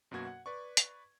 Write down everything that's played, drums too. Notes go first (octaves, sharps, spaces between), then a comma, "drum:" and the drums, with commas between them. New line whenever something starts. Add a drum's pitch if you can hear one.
F#2 B2 A#3 F#4 G#6
F#5
B4 D5 C#6
drum: hi-hat